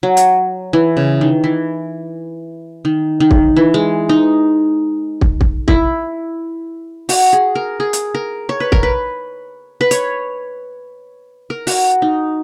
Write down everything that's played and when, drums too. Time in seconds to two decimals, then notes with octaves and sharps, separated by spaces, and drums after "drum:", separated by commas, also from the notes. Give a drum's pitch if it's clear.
0.03 F#3
0.17 drum: hi-hat
0.73 E3
0.97 C#3
1.21 D#3
1.44 E3
2.85 D#3
3.20 D#3
3.31 drum: kick
3.56 E3
3.74 G#3
4.09 D#4
5.21 drum: kick
5.41 drum: kick
5.68 E4, drum: kick
7.09 F#4, drum: open hi-hat
7.33 G#4
7.55 A#4
7.80 G#4
7.93 drum: hi-hat
8.15 A#4
8.49 C#5
8.60 B4
8.72 A#4, drum: kick
8.83 B4
9.81 B4
9.91 C#5, drum: hi-hat
11.50 A#4
11.67 F#4, drum: open hi-hat
12.02 D#4